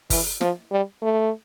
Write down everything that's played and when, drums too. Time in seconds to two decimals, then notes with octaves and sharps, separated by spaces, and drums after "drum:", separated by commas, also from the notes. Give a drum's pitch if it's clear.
0.10 E3, drum: kick G1, open hi-hat
0.41 F3, drum: snare
0.72 G3
1.02 A3